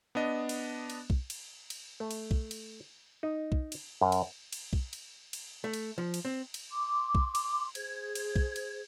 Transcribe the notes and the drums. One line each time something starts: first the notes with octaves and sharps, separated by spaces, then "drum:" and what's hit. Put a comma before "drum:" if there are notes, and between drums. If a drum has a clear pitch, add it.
B3 D4 D#5
drum: cymbal
drum: cymbal
drum: kick B1
drum: cymbal
drum: cymbal
A3
drum: cymbal
drum: kick B1
drum: cymbal
D#4
drum: kick B1
drum: cymbal
F#2
drum: cymbal
drum: cymbal
drum: kick B1
drum: cymbal
drum: cymbal
A3
drum: cymbal
F3
drum: cymbal
C4
drum: cymbal
C6 D6
drum: kick B1
drum: cymbal
G#4 C5 G#6, drum: cymbal
drum: cymbal
drum: kick B1
drum: cymbal